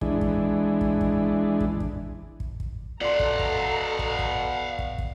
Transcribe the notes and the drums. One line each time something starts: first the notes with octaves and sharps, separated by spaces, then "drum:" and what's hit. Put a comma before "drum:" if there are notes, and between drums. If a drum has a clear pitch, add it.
E3 G#3 D4, drum: kick
drum: kick
drum: kick
drum: kick
drum: kick
drum: kick
drum: kick
drum: kick
B2 A4 D5 F5 F#5 A#5 C6
drum: kick
drum: kick
drum: kick
drum: kick
drum: kick
drum: kick